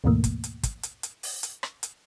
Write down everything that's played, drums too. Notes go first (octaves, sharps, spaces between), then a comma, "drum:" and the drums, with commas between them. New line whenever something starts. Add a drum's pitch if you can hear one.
D2 G#2 B2 E3 A3 A#3
drum: kick, hi-hat
drum: hi-hat
drum: kick, hi-hat
drum: hi-hat
drum: hi-hat
drum: open hi-hat
drum: hi-hat
drum: rim click
drum: hi-hat